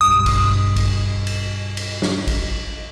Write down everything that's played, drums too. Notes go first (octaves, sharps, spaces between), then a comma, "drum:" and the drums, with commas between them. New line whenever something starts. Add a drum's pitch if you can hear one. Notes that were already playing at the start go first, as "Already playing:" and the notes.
B1 G2 D#6
drum: kick, cymbal
drum: kick, cymbal
drum: cymbal
drum: cymbal
drum: snare
drum: kick, cymbal